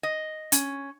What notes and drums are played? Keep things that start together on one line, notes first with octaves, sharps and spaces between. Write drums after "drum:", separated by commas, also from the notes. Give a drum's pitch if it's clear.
D#5
C#4, drum: hi-hat